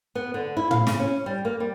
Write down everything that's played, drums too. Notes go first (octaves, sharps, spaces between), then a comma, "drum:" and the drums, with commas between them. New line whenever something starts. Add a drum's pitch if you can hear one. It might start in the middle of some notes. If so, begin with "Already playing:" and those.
B3
D3
E4
F5, drum: tom
C#3, drum: snare
C#4
G3
A#3
G3